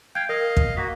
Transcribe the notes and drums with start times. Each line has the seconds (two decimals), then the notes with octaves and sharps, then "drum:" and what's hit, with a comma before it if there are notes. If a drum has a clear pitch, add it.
0.15 F5 G5 G6 G#6
0.29 A#4 D#5 F5
0.57 drum: kick
0.77 A#3 F#4 B6